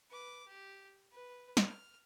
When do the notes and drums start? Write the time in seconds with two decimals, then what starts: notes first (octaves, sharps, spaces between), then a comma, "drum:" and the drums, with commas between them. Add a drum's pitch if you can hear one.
0.10 B4 D6
0.46 G4
1.12 B4
1.57 F6, drum: snare